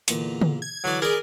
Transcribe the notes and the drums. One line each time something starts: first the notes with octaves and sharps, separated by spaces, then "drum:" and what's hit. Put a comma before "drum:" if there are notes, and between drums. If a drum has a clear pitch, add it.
E2 A#2 D3, drum: hi-hat
drum: tom
G#6
D3 E3 F#3 D5
G#4 A#4 B4 D5